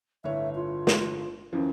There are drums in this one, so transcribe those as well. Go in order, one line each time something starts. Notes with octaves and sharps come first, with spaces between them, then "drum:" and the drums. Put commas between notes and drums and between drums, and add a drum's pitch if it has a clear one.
G1 A2 C#5 E5
F4
drum: snare
D#2 E3 F3 C#4